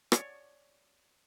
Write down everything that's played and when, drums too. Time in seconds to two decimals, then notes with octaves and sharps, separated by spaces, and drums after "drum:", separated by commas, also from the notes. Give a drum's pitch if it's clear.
0.12 C#5 D5, drum: rim click